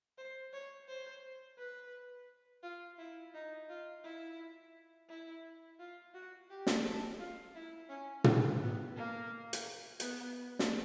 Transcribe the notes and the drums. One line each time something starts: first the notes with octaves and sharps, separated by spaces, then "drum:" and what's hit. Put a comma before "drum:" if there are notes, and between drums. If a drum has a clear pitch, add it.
C5
C#5
C5
B4
F4
E4
D#4
F4
E4
E4
F4
F#4
G4
drum: snare
A4
F4
E4
C#4
C4, drum: tom
B3
A#3
drum: hi-hat
B3, drum: hi-hat
drum: snare